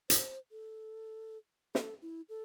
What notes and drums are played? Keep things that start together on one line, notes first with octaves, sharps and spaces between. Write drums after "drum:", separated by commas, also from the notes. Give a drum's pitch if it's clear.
C5, drum: hi-hat
A4
A4, drum: snare
E4
A4